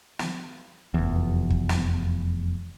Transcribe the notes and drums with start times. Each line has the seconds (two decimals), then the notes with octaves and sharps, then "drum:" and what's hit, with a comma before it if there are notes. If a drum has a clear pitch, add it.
0.19 drum: snare
0.94 F1 E2
1.50 drum: kick
1.69 drum: snare